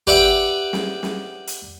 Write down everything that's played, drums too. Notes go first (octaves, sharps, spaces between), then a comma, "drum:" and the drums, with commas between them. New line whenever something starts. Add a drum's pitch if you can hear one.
G4 B4 D5 E5 F#5 G5, drum: kick
drum: snare
drum: snare
drum: hi-hat